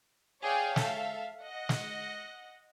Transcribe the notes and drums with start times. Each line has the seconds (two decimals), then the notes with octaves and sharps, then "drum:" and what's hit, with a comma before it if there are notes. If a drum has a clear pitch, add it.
0.43 G#4 C#5 D5 F5 G5 G#5
0.76 A4 E5 F5, drum: snare
1.42 D#5 F#5
1.69 drum: snare